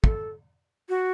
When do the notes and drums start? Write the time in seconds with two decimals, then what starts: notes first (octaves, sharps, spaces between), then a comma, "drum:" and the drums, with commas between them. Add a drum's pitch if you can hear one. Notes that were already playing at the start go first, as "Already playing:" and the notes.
0.04 A4, drum: kick
0.89 F#4